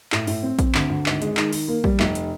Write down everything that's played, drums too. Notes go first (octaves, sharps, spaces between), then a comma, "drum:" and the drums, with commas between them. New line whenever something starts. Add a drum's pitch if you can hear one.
A2, drum: clap
A2, drum: open hi-hat
C4
C4, drum: kick A#1, hi-hat
D2, drum: clap
D2
G#1, drum: clap
G#3, drum: hi-hat
D#3, drum: clap
D#3, drum: open hi-hat
A#3
G3, drum: kick A#1
F1, drum: clap
drum: hi-hat